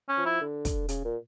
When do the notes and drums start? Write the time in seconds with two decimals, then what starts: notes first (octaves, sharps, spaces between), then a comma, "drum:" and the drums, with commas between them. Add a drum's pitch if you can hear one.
0.09 C#4
0.17 F3
0.26 E4
0.41 D3
0.65 drum: kick, hi-hat
0.88 C#3, drum: hi-hat
1.04 A#2